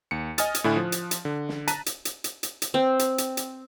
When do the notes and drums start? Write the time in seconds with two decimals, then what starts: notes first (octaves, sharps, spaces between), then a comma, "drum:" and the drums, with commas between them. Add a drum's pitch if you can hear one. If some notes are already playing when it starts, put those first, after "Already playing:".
0.11 D#2 C#7
0.38 D#5 G#5 D#6 F6 A6, drum: hi-hat
0.54 drum: hi-hat
0.64 A2 D3 E4 G#5 F#6
0.77 F3
0.92 drum: hi-hat
1.11 drum: hi-hat
1.25 D3
1.49 drum: snare
1.68 A5 A#5 F#6 B6 D#7, drum: hi-hat
1.86 drum: hi-hat
2.05 drum: hi-hat
2.24 drum: hi-hat
2.43 drum: hi-hat
2.62 drum: hi-hat
2.74 C4
2.99 drum: hi-hat
3.18 drum: hi-hat
3.37 drum: hi-hat